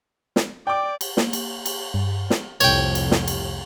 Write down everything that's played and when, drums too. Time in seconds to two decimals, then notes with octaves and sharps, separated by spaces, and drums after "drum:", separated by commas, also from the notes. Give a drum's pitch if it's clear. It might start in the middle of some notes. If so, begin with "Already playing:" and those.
0.36 drum: snare
0.67 D5 G5 D6
1.01 drum: cymbal
1.17 A#3, drum: snare
1.33 drum: cymbal
1.66 drum: cymbal
1.94 G2
2.30 drum: snare
2.60 C2 F2 A2 C#5 G5, drum: cymbal
2.95 drum: cymbal
3.11 drum: snare
3.28 drum: cymbal